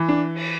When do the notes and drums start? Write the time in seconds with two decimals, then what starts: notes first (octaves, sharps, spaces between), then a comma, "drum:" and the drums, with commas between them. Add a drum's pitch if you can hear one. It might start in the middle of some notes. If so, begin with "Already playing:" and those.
Already playing: E3
0.09 D4
0.35 drum: cymbal